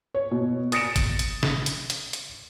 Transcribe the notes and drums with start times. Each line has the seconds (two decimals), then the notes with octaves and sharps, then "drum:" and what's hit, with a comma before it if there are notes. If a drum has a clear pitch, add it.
0.14 C#5
0.31 B2
0.72 D#6 A6 A#6 C#7 D7 E7, drum: hi-hat
0.96 drum: kick G1, hi-hat
1.19 drum: hi-hat
1.43 drum: snare
1.66 drum: hi-hat
1.90 drum: hi-hat
2.13 drum: hi-hat